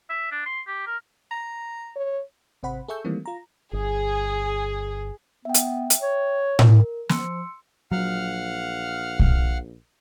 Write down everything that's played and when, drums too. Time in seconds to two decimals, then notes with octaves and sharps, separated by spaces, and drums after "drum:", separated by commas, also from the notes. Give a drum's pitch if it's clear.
0.10 E5
0.31 D4
0.46 C6
0.67 G4
0.87 A#4
1.31 A#5
1.96 C#5
2.63 G#1 C3 C5 F#5 B5
2.88 G#4 A4 E5 C#6 E6 G6
3.05 D#3 E3 G3 A3 A#3 C4
3.26 F4 A#5
3.73 G1 G#4
5.45 B3 E5 G5
5.54 drum: hi-hat
5.90 drum: hi-hat
6.01 C#5
6.59 A#4, drum: tom A2
7.09 F3 C6 E6 C#7, drum: snare
7.92 A#1 F#3 F5 F#5 F6
9.19 drum: kick